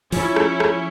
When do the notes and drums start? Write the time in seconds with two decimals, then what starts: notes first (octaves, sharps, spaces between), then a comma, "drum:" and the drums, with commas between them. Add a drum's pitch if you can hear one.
0.12 F3 C#4 E4, drum: open hi-hat
0.36 drum: rim click
0.60 drum: rim click